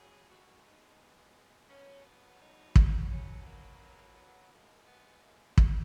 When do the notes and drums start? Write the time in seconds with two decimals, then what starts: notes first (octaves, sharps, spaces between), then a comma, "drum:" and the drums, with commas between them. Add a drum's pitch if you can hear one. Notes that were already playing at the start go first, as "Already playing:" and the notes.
Already playing: B2 F#3 G#4
0.29 B2 G#3 F#4
0.64 D#4
1.69 B2 F#3 C#4
2.05 B3
2.41 D#4
2.76 drum: kick
3.10 B2 F#3 C#4
3.46 A#3
4.16 B3
4.52 B2 G#3 A#3
4.87 B3
5.23 A#3
5.58 drum: kick